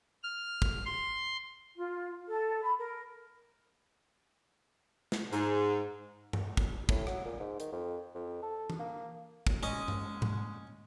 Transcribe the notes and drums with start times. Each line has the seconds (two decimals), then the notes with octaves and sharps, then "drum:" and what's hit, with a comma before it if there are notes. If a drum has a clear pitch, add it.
0.23 F6
0.62 drum: kick
0.86 C6
1.76 F4
2.27 A4
2.62 B5
2.79 A#4
5.12 drum: snare
5.33 G#2, drum: hi-hat
6.33 drum: tom G2
6.57 drum: kick
6.89 A2, drum: kick
7.07 F#3, drum: rim click
7.25 A#2
7.40 G#2
7.60 D#3, drum: hi-hat
7.72 F2
8.15 F2
8.43 A4
8.70 drum: tom E3
8.80 A#3
9.47 drum: kick
9.63 G#3 C#4 D#5, drum: hi-hat
9.88 drum: tom G2
10.22 drum: tom G#2